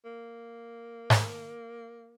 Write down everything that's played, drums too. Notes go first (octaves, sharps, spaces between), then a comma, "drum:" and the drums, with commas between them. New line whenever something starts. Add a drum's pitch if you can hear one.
A#3
drum: snare G#2